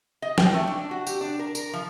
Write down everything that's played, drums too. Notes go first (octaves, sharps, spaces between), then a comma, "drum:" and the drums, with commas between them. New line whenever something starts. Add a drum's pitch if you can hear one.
D#5
G5, drum: snare
A3
D4
F#4
G4, drum: tambourine
D4
A#4
A#4, drum: tambourine
F3